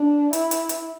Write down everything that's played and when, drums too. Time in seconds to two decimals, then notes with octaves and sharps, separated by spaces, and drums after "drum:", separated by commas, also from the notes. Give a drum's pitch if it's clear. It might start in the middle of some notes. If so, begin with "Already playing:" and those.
Already playing: D4
0.33 E4, drum: hi-hat
0.51 drum: hi-hat
0.69 drum: hi-hat